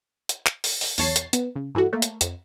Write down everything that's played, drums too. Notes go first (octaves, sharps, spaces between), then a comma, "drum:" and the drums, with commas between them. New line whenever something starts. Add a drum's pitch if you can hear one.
drum: hi-hat
drum: clap
drum: open hi-hat
drum: open hi-hat
B1 E2 C#5 A5 A6 C7, drum: open hi-hat
drum: hi-hat
B3, drum: hi-hat
C#3
G2 E3 A3 F#4
A3 A#3
drum: hi-hat
F2, drum: hi-hat